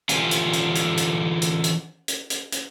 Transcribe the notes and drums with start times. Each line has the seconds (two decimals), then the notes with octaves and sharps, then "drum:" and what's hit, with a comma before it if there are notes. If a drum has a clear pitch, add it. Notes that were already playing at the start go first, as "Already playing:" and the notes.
0.09 D3 E3 F4 G4 D5 G#5, drum: hi-hat
0.31 drum: hi-hat
0.53 drum: hi-hat
0.75 drum: hi-hat
0.97 drum: hi-hat
1.42 drum: hi-hat
1.64 drum: hi-hat
2.08 drum: hi-hat
2.30 drum: hi-hat
2.52 drum: hi-hat